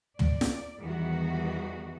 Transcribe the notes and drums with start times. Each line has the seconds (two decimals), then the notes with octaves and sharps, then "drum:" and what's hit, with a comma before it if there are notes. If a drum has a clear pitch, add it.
0.19 D5, drum: tom
0.41 drum: snare
0.79 E2 D#3 E3 G3 F#4